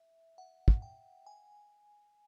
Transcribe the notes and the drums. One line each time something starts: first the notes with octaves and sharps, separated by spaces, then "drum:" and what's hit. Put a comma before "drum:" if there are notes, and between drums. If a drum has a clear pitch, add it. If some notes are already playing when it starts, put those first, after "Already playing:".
Already playing: E5
F#5
drum: kick
G5
G#5